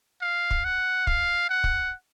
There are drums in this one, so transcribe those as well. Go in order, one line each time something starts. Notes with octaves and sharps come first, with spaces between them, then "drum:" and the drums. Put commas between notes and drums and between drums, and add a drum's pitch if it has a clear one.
F5
drum: kick
F#5
F5, drum: kick
F#5
drum: kick